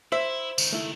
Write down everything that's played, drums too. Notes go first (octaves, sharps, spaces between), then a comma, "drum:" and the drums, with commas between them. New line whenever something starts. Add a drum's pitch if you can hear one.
E4 C5 E5
C#2 D#3, drum: tambourine
A3 E4